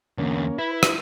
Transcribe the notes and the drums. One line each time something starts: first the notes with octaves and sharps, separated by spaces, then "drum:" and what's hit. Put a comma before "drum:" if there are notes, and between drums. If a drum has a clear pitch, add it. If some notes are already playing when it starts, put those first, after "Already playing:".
E2 D3 A#3 C#4
E4 B4 B5
B4
drum: rim click